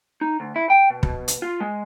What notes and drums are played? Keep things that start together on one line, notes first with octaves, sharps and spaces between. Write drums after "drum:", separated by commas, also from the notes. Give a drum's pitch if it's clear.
D#4
D2
E4
G5
B2
B2, drum: kick
drum: hi-hat
F4
G#3